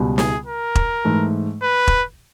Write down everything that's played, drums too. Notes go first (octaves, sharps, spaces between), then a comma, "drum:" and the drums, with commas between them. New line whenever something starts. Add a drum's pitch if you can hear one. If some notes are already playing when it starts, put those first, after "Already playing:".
Already playing: C#2 B2 G3
G#4, drum: snare
A#4
drum: kick E1
G#2 E3 A3
B4
drum: kick E1